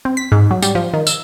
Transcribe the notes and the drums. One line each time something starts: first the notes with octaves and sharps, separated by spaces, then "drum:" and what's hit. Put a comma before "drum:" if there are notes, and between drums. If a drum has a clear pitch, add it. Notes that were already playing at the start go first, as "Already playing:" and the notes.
C4
B6
G#2
F#3
G3, drum: tambourine
F3
D#3
E6, drum: tambourine